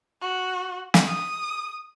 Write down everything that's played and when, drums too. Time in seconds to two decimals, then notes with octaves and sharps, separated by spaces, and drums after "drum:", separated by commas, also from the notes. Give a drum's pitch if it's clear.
0.22 F#4
0.94 drum: snare
1.07 D#6